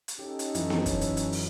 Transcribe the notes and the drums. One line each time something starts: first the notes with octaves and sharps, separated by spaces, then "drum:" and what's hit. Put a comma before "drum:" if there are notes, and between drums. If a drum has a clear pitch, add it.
drum: hi-hat
C#4 D#4 G4 A4
drum: hi-hat
F#2 E3 E4, drum: hi-hat
drum: snare B3
drum: kick, hi-hat
drum: hi-hat
drum: hi-hat
drum: open hi-hat